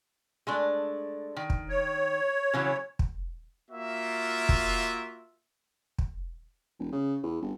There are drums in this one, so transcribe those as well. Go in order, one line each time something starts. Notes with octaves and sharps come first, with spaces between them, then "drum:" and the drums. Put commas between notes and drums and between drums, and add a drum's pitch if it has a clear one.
G#3 A3 D4
D#3
drum: kick
C#5
C#3 E3 F#3
drum: kick
A#3 F4 F#4 E5
drum: kick
drum: kick
E1
C#3
E2
G1